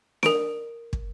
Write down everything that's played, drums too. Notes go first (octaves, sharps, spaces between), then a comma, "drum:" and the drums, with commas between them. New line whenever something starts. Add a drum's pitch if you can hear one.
A#4 D7, drum: snare
drum: kick